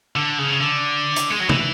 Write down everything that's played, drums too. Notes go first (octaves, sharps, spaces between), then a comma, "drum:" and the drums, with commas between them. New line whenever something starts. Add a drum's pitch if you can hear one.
D3
C#3
D3
drum: hi-hat
G#3
F#3
E3, drum: tom C3